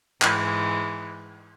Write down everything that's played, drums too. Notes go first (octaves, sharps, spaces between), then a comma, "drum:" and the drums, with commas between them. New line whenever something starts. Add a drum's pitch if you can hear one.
G#2 E3 G#3, drum: clap